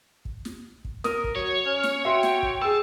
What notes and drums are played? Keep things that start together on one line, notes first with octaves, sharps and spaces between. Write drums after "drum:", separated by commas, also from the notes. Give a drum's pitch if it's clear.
drum: kick
drum: snare
drum: kick
A#4 D#6, drum: snare
drum: kick
F#3 C#5
C#4 F6
drum: snare
F#4 E5 G5 C6
drum: snare
drum: kick
G#4 A5 E6